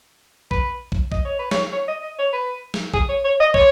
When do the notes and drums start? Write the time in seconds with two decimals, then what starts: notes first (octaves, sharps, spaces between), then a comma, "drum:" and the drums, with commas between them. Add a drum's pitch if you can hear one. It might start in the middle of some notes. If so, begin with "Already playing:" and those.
0.51 B4, drum: kick
0.92 drum: kick
1.12 D#5, drum: kick
1.25 C#5
1.39 B4
1.51 C#5, drum: snare
1.73 C#5
1.88 D#5
2.03 D#5
2.19 C#5
2.33 B4
2.74 drum: snare
2.94 G#4, drum: kick
3.09 C#5
3.25 C#5
3.40 D#5
3.54 C#5, drum: kick